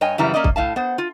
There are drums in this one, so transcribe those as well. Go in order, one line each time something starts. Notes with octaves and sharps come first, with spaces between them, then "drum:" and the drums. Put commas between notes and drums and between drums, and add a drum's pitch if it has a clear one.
G2 C#5 D#5 G5 G#5
F#2 C#3 E3 G3 E4 A#5
A#3 C#4 D5 D#5
drum: kick
A2 F5 A5
B3 C5 F#5
F4